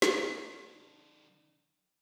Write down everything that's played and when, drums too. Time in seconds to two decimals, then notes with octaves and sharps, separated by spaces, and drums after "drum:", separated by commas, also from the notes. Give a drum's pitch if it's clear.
0.02 D#3 A4, drum: snare